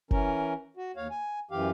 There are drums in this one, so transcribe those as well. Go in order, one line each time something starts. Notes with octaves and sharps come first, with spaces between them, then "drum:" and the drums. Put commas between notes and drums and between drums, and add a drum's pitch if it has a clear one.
E3 C#4 A#4, drum: kick F#1
F#4
D#2 C#5 F5
G#5
F#2 E3 G4 F5